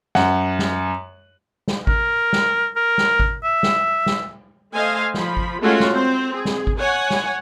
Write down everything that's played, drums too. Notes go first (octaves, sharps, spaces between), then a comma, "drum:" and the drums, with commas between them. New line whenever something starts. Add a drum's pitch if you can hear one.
F#2 F#5, drum: snare
drum: snare
drum: snare
A#4, drum: kick G#1
drum: snare
A#4
drum: snare
drum: kick G#1
E5
drum: snare
drum: snare
A3 C5 D#5 F5 G#5
F3 B5, drum: snare
drum: kick G#1
G#3 A3 C#4 F4 F#4 C#5
drum: snare
C4 C5
G#4
drum: snare
drum: kick G#1
C#5 F#5 G#5
drum: snare